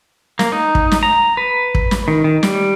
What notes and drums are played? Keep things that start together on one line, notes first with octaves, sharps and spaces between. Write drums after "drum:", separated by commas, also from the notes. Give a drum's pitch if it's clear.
A#3, drum: snare
D#4
drum: kick
drum: snare
A#5
B4
drum: kick
drum: snare
D#3
D#3
G3, drum: snare